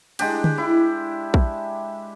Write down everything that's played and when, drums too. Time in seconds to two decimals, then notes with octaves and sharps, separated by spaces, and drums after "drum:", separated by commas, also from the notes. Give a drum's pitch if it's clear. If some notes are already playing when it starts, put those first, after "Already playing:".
0.19 G#3 D4 G4, drum: cymbal
0.44 drum: tom D3
0.58 E4
1.34 drum: kick A#1